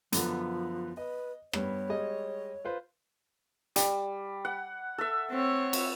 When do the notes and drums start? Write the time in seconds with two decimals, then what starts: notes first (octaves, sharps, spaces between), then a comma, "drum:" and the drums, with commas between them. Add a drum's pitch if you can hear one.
0.12 F#2 D3 F3 B3, drum: hi-hat
0.97 B4 D#5
1.53 G2 B3 C#5, drum: rim click
1.89 G3 G#3 D#5
2.65 F4 B4 C5
3.76 G3, drum: hi-hat
4.45 F#5
4.98 A4 E5
5.31 C4 C#5
5.73 drum: cymbal